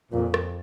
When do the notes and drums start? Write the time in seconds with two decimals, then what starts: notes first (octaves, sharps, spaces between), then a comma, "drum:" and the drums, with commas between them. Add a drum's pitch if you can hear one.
0.12 F2 A#2
0.34 drum: rim click